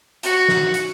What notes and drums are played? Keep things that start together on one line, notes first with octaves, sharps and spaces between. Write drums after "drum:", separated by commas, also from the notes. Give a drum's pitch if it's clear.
F#4 F#5, drum: hi-hat
drum: snare
drum: hi-hat